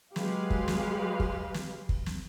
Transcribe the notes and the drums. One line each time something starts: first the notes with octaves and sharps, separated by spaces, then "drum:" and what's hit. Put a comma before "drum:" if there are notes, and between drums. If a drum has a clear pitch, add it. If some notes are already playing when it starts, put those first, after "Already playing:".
F#3 G#3 F#4 G4 B4 F5, drum: snare
drum: kick
drum: snare
drum: kick
drum: snare
drum: kick
drum: snare